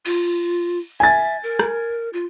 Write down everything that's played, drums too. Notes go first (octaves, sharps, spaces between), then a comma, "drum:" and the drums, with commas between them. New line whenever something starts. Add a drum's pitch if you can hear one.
F4, drum: cymbal
E5 G#5 A6
A#4
drum: rim click
F4